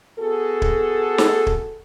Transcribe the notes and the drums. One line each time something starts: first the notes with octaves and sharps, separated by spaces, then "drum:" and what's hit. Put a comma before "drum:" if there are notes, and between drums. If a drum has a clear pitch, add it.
B3 F#4 G#4 A4
drum: kick
drum: snare
drum: kick